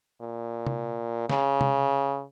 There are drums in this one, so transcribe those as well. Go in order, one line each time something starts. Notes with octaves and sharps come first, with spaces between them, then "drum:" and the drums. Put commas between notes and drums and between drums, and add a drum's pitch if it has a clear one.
A#2
drum: tom C3
C#3, drum: snare
drum: tom C3